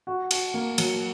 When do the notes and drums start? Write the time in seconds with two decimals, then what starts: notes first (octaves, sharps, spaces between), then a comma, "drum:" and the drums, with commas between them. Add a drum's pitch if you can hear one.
0.07 F#4
0.31 F#4, drum: cymbal
0.54 A#3
0.78 F#3, drum: cymbal